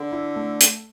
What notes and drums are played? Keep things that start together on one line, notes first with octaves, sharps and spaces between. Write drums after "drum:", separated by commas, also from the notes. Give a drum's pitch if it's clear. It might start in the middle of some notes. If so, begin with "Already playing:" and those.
Already playing: D3
E4
A3
drum: hi-hat